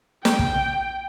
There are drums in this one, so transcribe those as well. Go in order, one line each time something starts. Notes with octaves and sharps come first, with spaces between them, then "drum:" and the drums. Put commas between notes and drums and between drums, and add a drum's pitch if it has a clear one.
G5, drum: snare
drum: kick